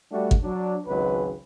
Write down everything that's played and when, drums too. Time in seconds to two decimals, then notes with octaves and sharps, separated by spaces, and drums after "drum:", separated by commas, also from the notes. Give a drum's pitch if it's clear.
0.12 G3 A3 D4 F#4
0.31 drum: kick
0.43 F#3 D4
0.86 G#1 C#2 F#3 B4